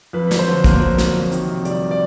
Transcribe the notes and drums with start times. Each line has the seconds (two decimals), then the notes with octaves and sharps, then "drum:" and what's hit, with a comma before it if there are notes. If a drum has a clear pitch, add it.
0.13 F2 B4
0.31 F#3, drum: snare
0.39 C5
0.47 D3
0.64 A#3 C5, drum: kick, hi-hat
0.81 F2
0.98 F#3, drum: snare
1.15 F2
1.32 D#3, drum: hi-hat
1.48 C3
1.65 G3 D5, drum: hi-hat
1.91 D5